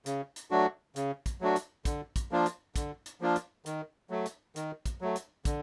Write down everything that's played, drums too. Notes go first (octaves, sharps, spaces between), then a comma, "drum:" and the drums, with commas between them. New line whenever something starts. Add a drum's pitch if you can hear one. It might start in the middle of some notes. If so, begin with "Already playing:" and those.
C#3, drum: hi-hat
drum: hi-hat
F#3 A3 D4 F#4
C#3, drum: hi-hat
drum: kick, hi-hat
F#3 A3 D4 F#4
drum: hi-hat
D3, drum: kick, hi-hat
drum: kick, hi-hat
F3 A#3 D4 F4
drum: hi-hat
D3, drum: kick, hi-hat
drum: hi-hat
F3 A#3 D4 F4
drum: hi-hat
D#3, drum: hi-hat
F#3 A3
drum: hi-hat
D#3, drum: hi-hat
drum: kick, hi-hat
F#3 A3
drum: hi-hat
D3, drum: kick, hi-hat